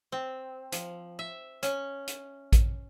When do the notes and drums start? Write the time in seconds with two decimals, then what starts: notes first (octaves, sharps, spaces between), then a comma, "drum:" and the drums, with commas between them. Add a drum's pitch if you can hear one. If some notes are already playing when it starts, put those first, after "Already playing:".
0.12 C4
0.72 F3, drum: hi-hat
1.19 E5
1.63 C#4, drum: hi-hat
2.07 drum: hi-hat
2.53 drum: kick A1, hi-hat